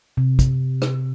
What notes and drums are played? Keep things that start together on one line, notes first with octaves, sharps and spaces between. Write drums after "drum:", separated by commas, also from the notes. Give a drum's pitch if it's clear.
C3
drum: kick, hi-hat
drum: rim click